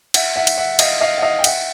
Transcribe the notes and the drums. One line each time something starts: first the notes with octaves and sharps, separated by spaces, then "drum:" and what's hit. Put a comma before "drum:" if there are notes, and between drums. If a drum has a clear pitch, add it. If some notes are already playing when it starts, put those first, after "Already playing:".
E5 F#5, drum: cymbal
E5 F#5
drum: cymbal
E5 F#5
D#5 F5, drum: cymbal
D#5 F5
F#5
D#5 F5
G5
E5 F#5, drum: cymbal